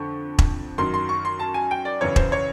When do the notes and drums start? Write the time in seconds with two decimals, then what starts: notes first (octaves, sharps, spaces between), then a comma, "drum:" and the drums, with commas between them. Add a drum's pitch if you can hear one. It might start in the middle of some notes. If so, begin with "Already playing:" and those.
Already playing: F2 D3 C#6
0.39 drum: kick E1
0.78 F#2 D#3 F#3 C6
0.94 C6
1.09 C#6
1.25 C6
1.39 A5
1.54 G#5
1.71 G5
1.85 D5
2.01 F#2 C#3 E3 C#5
2.16 C5, drum: kick E1
2.32 C#5